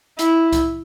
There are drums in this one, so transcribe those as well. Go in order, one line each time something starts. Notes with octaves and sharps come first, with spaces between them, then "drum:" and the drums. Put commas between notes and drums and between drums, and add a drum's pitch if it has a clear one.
E4, drum: hi-hat
drum: kick C2, hi-hat